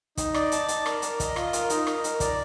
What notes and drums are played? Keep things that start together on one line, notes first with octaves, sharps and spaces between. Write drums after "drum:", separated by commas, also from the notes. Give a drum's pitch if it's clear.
D#4, drum: kick, hi-hat
D5, drum: rim click
A5, drum: hi-hat
D5, drum: hi-hat
A#4, drum: rim click
A#4, drum: hi-hat
D#5, drum: kick, hi-hat
F4, drum: rim click
A#4, drum: hi-hat
D#4, drum: hi-hat
A#4, drum: rim click
A#4, drum: hi-hat
D5, drum: kick, hi-hat